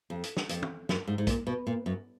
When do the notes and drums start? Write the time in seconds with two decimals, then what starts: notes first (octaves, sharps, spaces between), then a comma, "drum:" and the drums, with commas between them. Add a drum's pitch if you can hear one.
0.10 F2
0.24 drum: hi-hat
0.37 drum: snare
0.49 F2, drum: hi-hat
0.63 drum: tom
0.89 F#2, drum: snare
1.07 G#2
1.18 G#2
1.27 A#2, drum: kick, hi-hat
1.47 B2
1.67 A#2
1.86 F#2